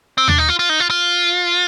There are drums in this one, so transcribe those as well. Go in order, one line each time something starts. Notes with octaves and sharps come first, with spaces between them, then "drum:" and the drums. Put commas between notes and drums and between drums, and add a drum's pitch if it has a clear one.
C4
D4, drum: tom D#2
D#4
F4
F4
D#4
F4
F4